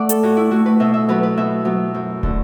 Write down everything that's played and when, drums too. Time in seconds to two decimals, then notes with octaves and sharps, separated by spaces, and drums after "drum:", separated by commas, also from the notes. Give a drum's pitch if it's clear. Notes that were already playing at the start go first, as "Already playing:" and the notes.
Already playing: A3 D5 E5 F#5
0.09 A4, drum: hi-hat
0.23 A2 F#4
0.37 E4
0.51 A3 F#4
0.66 B4
0.80 B2 E5
0.94 E5
1.09 F#3 B3 B4
1.23 B4
1.37 B2 E5
1.65 F#3 B3
1.94 F#2
2.23 D3 A3, drum: kick